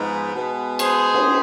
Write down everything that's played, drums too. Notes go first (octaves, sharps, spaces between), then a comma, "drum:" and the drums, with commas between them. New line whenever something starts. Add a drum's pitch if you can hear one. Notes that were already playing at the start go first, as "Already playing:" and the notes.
Already playing: G#2 F3 G#3 B3
B2 G#3 B3
G#4 C5, drum: cymbal
drum: cymbal